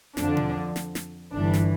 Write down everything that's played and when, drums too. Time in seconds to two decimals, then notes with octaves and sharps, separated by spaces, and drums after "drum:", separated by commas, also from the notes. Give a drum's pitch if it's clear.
0.17 F2 D3 F3 D4, drum: snare
0.37 drum: tom B2
0.76 drum: snare
0.95 drum: snare
1.33 G1 G2 E3 D4
1.54 drum: snare